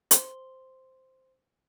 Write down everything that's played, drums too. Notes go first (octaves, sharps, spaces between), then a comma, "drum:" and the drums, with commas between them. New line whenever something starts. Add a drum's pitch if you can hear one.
C5 C6 G7, drum: hi-hat